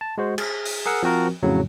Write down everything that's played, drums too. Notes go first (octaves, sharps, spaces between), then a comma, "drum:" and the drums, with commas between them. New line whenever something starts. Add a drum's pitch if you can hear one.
A5
G#3 F#4 C5
G#4, drum: cymbal
drum: open hi-hat
G#4 A#4 F#5 E6
F3 C4 F#4 A#4
F2 A2 C#3 F#3